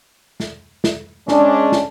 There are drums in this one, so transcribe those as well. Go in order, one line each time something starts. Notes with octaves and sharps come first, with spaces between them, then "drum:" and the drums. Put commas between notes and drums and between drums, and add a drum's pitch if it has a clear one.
drum: snare
drum: snare
G#3 C#4 D4, drum: snare
drum: snare